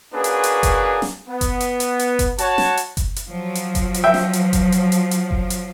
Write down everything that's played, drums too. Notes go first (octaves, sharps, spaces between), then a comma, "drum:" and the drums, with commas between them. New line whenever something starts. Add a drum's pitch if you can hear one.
A#3 C#4 D4 F#4 G#4 B4
drum: hi-hat
drum: hi-hat
drum: kick F#1, hi-hat
drum: snare
B3
drum: kick F#1, hi-hat
drum: hi-hat
drum: hi-hat
drum: hi-hat
drum: kick F#1, hi-hat
F#4 C#5 A5, drum: hi-hat
drum: snare
drum: hi-hat
drum: kick F#1, hi-hat
drum: hi-hat
F3 F#3
drum: hi-hat
drum: kick F#1, hi-hat
drum: hi-hat
E5 G5
drum: snare
drum: hi-hat
drum: kick F#1, hi-hat
drum: hi-hat
drum: hi-hat
drum: hi-hat
drum: kick F#1
drum: hi-hat